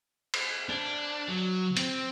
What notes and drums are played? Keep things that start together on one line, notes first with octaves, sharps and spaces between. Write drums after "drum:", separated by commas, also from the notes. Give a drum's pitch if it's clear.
drum: cymbal
D4
F#3
C4, drum: hi-hat